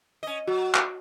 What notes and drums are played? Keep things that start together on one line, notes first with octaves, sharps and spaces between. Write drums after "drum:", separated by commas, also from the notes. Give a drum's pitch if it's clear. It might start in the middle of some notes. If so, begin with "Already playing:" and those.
C#4 D#5
F#3 F#4
drum: clap